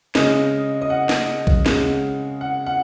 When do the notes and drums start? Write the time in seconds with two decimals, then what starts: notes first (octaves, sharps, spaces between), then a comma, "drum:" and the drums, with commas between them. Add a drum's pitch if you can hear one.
0.15 C#3 G#3 D#5, drum: snare
0.82 D#5
0.90 F#5
1.09 drum: snare
1.47 drum: kick A#1
1.66 C#3 G#3, drum: snare
2.41 F#5
2.66 F#5